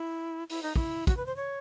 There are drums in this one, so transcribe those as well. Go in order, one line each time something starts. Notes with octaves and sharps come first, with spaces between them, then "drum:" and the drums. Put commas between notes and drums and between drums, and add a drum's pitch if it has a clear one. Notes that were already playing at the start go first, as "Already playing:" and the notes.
Already playing: E4
E4, drum: open hi-hat
D#4
E4, drum: kick
F#4, drum: kick, hi-hat
B4
C5
C#5